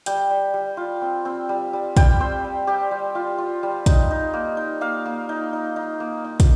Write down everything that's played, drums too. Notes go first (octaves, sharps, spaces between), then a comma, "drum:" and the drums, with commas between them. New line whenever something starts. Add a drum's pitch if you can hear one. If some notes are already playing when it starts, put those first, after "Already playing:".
G3 G5, drum: hi-hat
G3
G3
F4
C4
C4
G3
G3
G3 G5, drum: kick, hi-hat
C4 C5
G3
G3 G4
G3
F4
F4
G3
D#4, drum: kick, hi-hat
D#4
A#3
D#4
A#3 F5
A#3
D#4
D#4
D#4
A#3
D#4
drum: kick, hi-hat